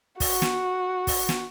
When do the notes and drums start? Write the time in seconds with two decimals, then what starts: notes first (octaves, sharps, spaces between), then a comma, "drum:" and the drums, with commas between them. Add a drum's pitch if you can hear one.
0.20 F#4, drum: kick, open hi-hat
0.42 drum: snare
1.07 drum: kick, open hi-hat
1.29 drum: snare